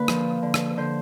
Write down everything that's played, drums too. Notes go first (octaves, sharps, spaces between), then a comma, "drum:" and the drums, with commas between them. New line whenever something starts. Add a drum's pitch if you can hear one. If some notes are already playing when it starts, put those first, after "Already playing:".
Already playing: D3 A#3 B4
F3, drum: rim click
D3
drum: rim click
D3 C5